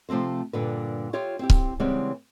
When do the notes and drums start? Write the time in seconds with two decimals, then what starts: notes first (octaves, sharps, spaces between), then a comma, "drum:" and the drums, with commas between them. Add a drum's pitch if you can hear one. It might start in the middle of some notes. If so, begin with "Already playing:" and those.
0.09 C3 F3 A3 C4 C5
0.53 G2 A#2 D3 B4
1.13 F4 G4 C#5 E5
1.39 C4 E4 G4
1.50 drum: kick C#1
1.80 C#3 E3 G3 G#3 B3 C4